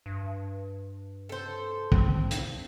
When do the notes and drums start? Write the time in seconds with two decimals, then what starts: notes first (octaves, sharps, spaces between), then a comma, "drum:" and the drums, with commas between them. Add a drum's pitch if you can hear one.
0.06 G2
1.29 A4 C5
1.92 C4, drum: kick
2.31 drum: hi-hat